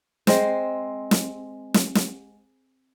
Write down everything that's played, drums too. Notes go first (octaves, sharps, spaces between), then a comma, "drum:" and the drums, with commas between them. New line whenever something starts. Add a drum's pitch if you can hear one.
G#3 C4 C5, drum: snare
drum: snare
drum: snare
drum: snare